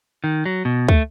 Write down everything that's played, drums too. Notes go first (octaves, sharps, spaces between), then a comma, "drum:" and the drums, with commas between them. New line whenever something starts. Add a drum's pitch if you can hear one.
D#3
F#3
B2
A3, drum: kick